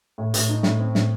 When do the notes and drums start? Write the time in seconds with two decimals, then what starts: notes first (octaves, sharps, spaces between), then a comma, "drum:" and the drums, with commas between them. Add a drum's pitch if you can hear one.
0.18 A2
0.34 A2, drum: hi-hat
0.49 D#4
0.63 A2, drum: snare
0.79 C4
0.95 A2, drum: snare